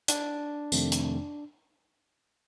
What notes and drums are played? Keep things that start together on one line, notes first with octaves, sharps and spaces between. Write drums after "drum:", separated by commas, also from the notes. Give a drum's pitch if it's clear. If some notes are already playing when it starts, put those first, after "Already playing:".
D4, drum: hi-hat
F2 C3 D#3 A3 C4, drum: tambourine
drum: hi-hat